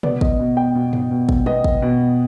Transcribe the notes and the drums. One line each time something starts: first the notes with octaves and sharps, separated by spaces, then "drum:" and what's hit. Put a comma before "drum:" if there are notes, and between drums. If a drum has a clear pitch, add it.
B3 D5, drum: tom B2
D#5, drum: kick
B2
G5
B2
drum: tom G2
B2
drum: kick
B3 D#5, drum: tom
drum: kick
B2